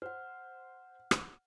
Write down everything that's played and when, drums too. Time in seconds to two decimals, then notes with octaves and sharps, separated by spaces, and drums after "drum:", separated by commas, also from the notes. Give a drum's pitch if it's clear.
0.02 C5 F#5 F6
1.11 drum: rim click